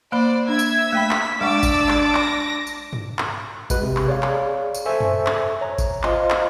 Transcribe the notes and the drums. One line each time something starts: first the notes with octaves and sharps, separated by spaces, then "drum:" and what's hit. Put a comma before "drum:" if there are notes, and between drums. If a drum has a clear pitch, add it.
A#3 C5 D5 B5
D4 E5 E6 G#6
drum: tambourine
A3 G5 B5 B6
drum: clap
G#3 D4 F#5 C#6 D6 E6 A6
drum: kick G#1, tambourine
drum: clap
A#6, drum: clap
drum: tambourine
drum: tom
drum: clap
G#3 F#4 B4, drum: kick G#1, tambourine
C3
drum: clap
G#4 C#5 D5 F5
drum: clap
drum: tambourine
A4 C5 E5 G#5 C#6 E6
drum: tom F2
drum: clap
C#5 A#5
drum: kick G#1, tambourine
F4 C5 D#5 F5 C6, drum: clap
drum: clap